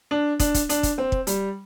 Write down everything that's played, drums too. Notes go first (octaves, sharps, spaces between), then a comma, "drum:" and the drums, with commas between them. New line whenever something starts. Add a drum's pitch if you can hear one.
D4
D4, drum: kick, hi-hat
drum: kick, hi-hat
D4, drum: hi-hat
drum: kick, hi-hat
C4
drum: kick
G3, drum: hi-hat